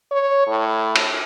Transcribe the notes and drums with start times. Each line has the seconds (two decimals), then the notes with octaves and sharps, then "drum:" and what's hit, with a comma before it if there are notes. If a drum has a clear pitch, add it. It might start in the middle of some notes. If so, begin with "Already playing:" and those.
0.12 C#5
0.47 A2
0.96 drum: cymbal